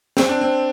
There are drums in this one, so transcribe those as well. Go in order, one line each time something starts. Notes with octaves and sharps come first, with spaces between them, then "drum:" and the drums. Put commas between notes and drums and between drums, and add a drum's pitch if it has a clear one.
C4, drum: snare
D4
C4